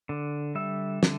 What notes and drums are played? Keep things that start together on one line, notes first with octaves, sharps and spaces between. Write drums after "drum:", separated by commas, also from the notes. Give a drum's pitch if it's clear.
D3
G3 E5
D3, drum: snare